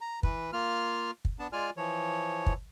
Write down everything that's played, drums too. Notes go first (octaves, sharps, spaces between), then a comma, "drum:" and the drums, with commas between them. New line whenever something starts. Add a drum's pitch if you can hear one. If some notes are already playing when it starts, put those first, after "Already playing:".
A#5
E3 B4, drum: kick
A#3 F4 F6
drum: kick
B3 D4 A5
G#3 F4 D5 G#5 F6
E3 F3 C#5
drum: kick